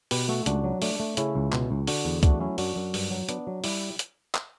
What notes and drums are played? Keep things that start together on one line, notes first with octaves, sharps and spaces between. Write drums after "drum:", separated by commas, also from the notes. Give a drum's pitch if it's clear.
B2 G4 B4, drum: open hi-hat
A3 F#4 A4
C#2 D4 F#4, drum: hi-hat
F#3
A3 D4, drum: open hi-hat
A3
C#3 C#4 E4, drum: hi-hat
C#2
B2, drum: clap
C#2
D3 D4 F#4, drum: open hi-hat
E2
A3 D4 F#4, drum: kick C2, hi-hat
F#3 C#4 E4
F#2 D4 F#4, drum: open hi-hat
F#2
G2, drum: open hi-hat
F#3
B3 D4, drum: hi-hat
F#3
G3 E4 G4, drum: open hi-hat
drum: hi-hat
drum: clap